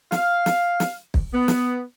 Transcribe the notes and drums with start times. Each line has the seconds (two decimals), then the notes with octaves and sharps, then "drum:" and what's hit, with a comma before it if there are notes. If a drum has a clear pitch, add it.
0.12 F5, drum: snare
0.46 drum: snare
0.80 drum: snare
1.14 drum: kick
1.34 B3
1.48 drum: snare